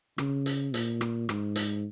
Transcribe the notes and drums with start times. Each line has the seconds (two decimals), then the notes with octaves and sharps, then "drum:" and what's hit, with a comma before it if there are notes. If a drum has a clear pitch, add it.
0.18 C#3, drum: rim click
0.46 drum: hi-hat
0.74 A#2, drum: hi-hat
1.01 drum: rim click
1.29 G#2, drum: rim click
1.56 drum: hi-hat